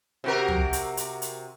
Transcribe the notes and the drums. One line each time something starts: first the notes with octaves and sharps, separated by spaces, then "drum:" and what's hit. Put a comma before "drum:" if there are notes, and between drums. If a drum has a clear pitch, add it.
C3 F#4 A#4
drum: tom
drum: hi-hat
drum: hi-hat
drum: hi-hat